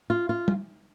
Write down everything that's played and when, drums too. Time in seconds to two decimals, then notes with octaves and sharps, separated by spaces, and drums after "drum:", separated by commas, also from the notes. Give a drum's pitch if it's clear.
0.10 F4
0.29 F4
0.48 drum: tom